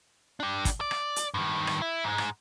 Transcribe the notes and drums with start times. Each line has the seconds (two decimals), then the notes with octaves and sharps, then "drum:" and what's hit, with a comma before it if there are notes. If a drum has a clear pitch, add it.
0.40 D4 G4
0.65 drum: kick, hi-hat
0.81 D5
0.91 drum: rim click
1.16 drum: hi-hat
1.34 G2 D#3
1.67 drum: rim click
1.82 E4
2.04 G#2 G#3
2.18 drum: rim click